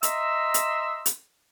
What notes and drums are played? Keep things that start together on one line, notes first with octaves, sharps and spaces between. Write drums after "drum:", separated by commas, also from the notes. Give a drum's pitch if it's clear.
D#5 E5 A#5 C6 E6, drum: hi-hat
drum: hi-hat
drum: hi-hat